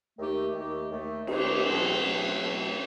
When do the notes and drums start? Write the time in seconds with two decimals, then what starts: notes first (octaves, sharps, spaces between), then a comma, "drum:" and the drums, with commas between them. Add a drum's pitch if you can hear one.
0.18 D#2 D#3 A3 D#4 G4
0.54 D#2 D#3 A3 D#4 G4
0.91 D#2 D#3 A3 D#4 G4
1.27 D#2 D#3 A3 D#4 G4, drum: cymbal
1.64 E2 B2 F#3 A3 C4
2.01 E2 B2 F#3 A3 C4
2.38 E2 B2 F#3 A3 C4